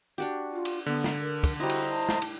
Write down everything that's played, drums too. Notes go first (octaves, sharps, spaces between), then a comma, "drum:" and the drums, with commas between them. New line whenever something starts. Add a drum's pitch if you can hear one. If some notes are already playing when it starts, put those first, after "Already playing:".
D4 F#4 G4
F4
drum: cymbal
D3 B3
drum: snare
A#4
drum: kick, cymbal
G3 E4 F#4 C5 D#5 A#5
drum: cymbal
A5
drum: snare
drum: cymbal